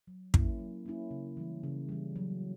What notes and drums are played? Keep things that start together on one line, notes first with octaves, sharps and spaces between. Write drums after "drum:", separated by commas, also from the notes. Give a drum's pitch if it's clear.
F#3
A#3 C#4 E4, drum: kick
F#3
A#3 C#4 E4
C#3
E3 G3
C#3
E3 G3
F#3